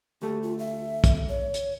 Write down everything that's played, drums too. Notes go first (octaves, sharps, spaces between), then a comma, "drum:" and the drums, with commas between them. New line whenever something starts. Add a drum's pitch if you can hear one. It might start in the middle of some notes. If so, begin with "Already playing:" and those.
D2 A3 G4
F4
E5
drum: kick, hi-hat
C#5
drum: hi-hat